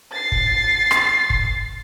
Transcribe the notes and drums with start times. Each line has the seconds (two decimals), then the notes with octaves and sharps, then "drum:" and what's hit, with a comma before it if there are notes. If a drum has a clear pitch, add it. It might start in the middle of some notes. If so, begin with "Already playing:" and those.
0.12 A6 C7
0.32 drum: kick
0.91 drum: rim click
1.30 drum: kick